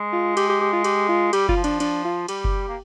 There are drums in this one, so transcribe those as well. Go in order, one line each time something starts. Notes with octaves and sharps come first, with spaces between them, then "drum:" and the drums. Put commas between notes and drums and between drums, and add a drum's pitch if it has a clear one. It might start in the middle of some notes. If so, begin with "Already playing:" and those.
Already playing: G#3
F4
G4, drum: cymbal
G4
G4
F4
G4, drum: cymbal
F4
G3 G4, drum: cymbal
F4, drum: kick F#1
F3
D4, drum: cymbal
D4, drum: cymbal
F4
G3 G4, drum: cymbal
drum: kick F#1
A#3